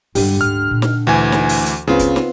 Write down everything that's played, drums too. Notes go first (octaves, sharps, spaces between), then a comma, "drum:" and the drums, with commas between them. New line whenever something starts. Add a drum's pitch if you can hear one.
G2 D3 G3 D4 G4, drum: open hi-hat
D2 G#2 F6
A#2
drum: snare
D2 E3 G#5
drum: snare
drum: open hi-hat
drum: hi-hat
C#2 C#3 B3 C4 F4
drum: kick, hi-hat
drum: snare